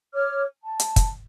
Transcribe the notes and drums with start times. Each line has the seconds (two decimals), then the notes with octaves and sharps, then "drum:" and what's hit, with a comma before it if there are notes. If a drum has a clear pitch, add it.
0.14 C#5 D6 F6
0.63 A5
0.80 drum: hi-hat
0.96 drum: kick, hi-hat